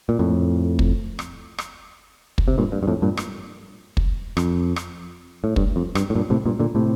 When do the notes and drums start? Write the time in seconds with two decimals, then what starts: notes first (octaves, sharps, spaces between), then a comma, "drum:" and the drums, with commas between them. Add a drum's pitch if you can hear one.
0.09 A#2
0.19 F2 A2
0.79 drum: kick
1.19 drum: rim click
1.58 drum: rim click
2.38 drum: kick
2.48 C3
2.58 G2 A#2
2.72 G2
2.83 G2
2.87 F2 A2
3.02 G2 A#2
3.17 drum: rim click
3.97 drum: kick
4.37 F2, drum: rim click
4.76 drum: rim click
5.44 A2
5.56 G2, drum: kick
5.76 F2
5.95 G2, drum: rim click
6.10 A2
6.15 G2 A#2
6.30 A2 C3
6.46 G2 A#2
6.60 A#2 D3
6.75 A2 C3